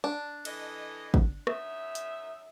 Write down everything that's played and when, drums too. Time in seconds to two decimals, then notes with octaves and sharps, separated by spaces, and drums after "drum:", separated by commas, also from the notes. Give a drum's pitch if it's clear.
0.04 D4
0.45 E3 A4 D#5, drum: cymbal
1.14 drum: kick
1.47 F#2 D#4 E5, drum: rim click
1.95 drum: hi-hat